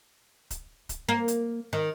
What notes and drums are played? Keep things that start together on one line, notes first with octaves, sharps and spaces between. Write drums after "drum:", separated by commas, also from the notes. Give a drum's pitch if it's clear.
drum: kick C#1, hi-hat
drum: kick C#1, hi-hat
A#3
drum: hi-hat
D#3